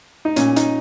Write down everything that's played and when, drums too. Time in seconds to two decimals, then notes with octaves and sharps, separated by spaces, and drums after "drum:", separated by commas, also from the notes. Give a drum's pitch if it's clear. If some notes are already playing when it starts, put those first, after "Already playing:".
0.25 D#4
0.36 A#2 C#4, drum: hi-hat
0.56 D#4, drum: hi-hat